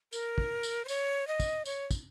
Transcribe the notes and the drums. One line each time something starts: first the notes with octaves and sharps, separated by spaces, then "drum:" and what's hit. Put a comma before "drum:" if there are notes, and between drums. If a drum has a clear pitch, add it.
A#4, drum: tambourine
drum: kick
drum: tambourine
C5
C#5, drum: tambourine
D#5
drum: kick, tambourine
C#5, drum: tambourine
drum: kick, tambourine